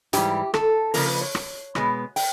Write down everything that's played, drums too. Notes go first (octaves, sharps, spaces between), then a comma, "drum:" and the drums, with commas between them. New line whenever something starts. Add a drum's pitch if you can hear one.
G#2 E3 G3 G4, drum: hi-hat
A4, drum: rim click
C#3 F3 A#3 A#4, drum: open hi-hat
B4
C#5
drum: rim click
B2 G#3 B3, drum: rim click
G5, drum: open hi-hat